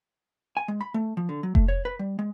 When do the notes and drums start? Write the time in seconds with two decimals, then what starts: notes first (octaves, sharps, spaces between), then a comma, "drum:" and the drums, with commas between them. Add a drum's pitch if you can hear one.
0.57 G#5
0.68 G#3
0.81 B5
0.94 A3
1.17 F3
1.29 D3
1.43 F#3
1.55 A3, drum: kick F1
1.68 C#5
1.85 B4
1.99 G3
2.19 G#3